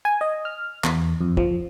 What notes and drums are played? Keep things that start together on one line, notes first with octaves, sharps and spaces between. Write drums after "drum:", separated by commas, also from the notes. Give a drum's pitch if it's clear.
G#5
D#5
F6
E2, drum: clap
F2
F3, drum: kick